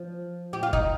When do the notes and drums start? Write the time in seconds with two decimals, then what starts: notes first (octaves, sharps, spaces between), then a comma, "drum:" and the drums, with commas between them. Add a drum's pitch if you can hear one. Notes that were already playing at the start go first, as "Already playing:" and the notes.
Already playing: F3
0.53 G4
0.63 F4
0.73 D#4, drum: kick F#1